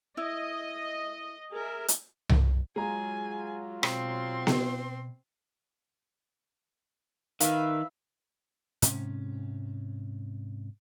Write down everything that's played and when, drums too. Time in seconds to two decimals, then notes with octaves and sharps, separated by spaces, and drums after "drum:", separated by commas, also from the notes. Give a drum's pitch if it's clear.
0.17 E4 D#5
1.52 G#4 A#4 E5
1.88 drum: hi-hat
2.29 drum: tom C2
2.76 F#3 G#3 F4 G#4 G#5 A#5
3.83 B2 C4 C6, drum: rim click
4.47 drum: snare B3
7.40 D#3 B4 E5 F5, drum: hi-hat
8.82 G#2 C3 C#4, drum: hi-hat